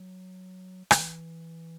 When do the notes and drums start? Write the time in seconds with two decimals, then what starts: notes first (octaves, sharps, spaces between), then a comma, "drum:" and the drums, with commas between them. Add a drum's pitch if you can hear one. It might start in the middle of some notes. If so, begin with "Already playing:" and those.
Already playing: F#3
0.91 D3, drum: rim click
0.99 E3